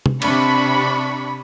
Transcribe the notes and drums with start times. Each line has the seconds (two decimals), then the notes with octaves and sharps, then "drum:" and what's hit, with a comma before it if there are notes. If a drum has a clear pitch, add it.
0.06 drum: tom
0.22 C3 D4 B5 C#6, drum: cymbal